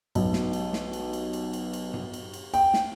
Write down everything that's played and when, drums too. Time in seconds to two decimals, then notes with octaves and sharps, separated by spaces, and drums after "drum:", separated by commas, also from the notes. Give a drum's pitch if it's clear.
0.15 B1, drum: cymbal
0.33 drum: snare
0.53 drum: cymbal
0.73 drum: snare
0.93 drum: cymbal
1.13 drum: cymbal
1.33 drum: cymbal
1.53 drum: cymbal
1.73 drum: cymbal
1.93 drum: tom G2
2.13 drum: cymbal
2.34 drum: cymbal
2.54 G5, drum: cymbal
2.74 drum: snare